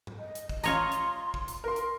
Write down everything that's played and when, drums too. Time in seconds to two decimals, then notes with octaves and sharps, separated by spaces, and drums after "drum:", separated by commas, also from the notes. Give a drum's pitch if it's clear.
0.07 drum: tom G#2
0.19 D#5
0.35 drum: hi-hat
0.49 drum: kick
0.64 F4 C#5 D#5 A#5 C6, drum: hi-hat
0.92 drum: hi-hat
1.34 drum: kick
1.48 drum: hi-hat
1.64 A#4 C6
1.76 drum: hi-hat